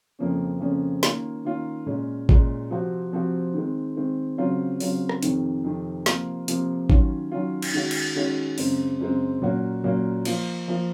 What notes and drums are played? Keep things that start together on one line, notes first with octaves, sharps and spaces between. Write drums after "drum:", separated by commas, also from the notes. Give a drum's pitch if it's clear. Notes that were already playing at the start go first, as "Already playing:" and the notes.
F2 C#3 F3 A#3 C#4
F2 C#3 F3 A#3 C#4
D#3 A#3 C#4 F4, drum: snare
D#3 A#3 C#4 F4
A#2 G#3 C#4
A#2 G#3 C#4, drum: kick G#1
C3 F3 C4 F#4
C3 F3 C4 F#4
D#3 G#3 C4
D#3 G#3 C4
C#3 F#3 C4 F4
C#3 F#3 C4 F4, drum: open hi-hat
drum: rim click
F2 C3 D#3, drum: hi-hat
F2 C3 D#3
C3 F3 A#3 F4, drum: snare
C3 F3 A#3 F4, drum: hi-hat
D#3 F#3 C#4 F4, drum: kick G#1
D#3 F#3 C#4 F4
drum: cymbal
D#3 G#3 C#4 F#4
drum: cymbal
D#3 G#3 C#4 F#4
F#2 C#3 G#3 C4, drum: open hi-hat
F#2 C#3 G#3 C4
A#2 F#3 A#3 C#4 F#4
A#2 F#3 A#3 C#4 F#4
F3 A#3 F4, drum: cymbal
F3 A#3 F4